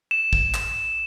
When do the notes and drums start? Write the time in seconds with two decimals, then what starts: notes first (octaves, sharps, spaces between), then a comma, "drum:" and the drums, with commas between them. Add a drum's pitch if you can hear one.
0.11 E7
0.33 drum: kick
0.54 drum: clap